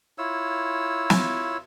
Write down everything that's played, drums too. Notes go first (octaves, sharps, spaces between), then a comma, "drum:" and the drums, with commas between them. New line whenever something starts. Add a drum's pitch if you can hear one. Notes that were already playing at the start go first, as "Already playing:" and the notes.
E4 F4 C#5 E6
drum: snare